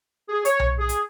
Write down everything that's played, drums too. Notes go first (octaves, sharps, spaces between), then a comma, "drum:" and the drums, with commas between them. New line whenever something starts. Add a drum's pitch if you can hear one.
G#4
C#5, drum: hi-hat
drum: tom B1
G#4
drum: hi-hat